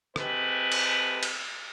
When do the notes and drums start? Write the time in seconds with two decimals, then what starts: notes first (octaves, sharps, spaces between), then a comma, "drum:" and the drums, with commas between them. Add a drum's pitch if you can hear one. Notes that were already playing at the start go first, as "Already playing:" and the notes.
0.16 G#3 A3 C4 G4 B4, drum: rim click
0.72 drum: cymbal
1.23 drum: cymbal